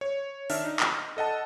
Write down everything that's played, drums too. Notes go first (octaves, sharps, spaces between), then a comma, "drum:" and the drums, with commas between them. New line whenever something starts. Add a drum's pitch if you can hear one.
C#5
D#3 D4 E5 F6, drum: open hi-hat
D#4
drum: clap
A4 D#5 F#5 A5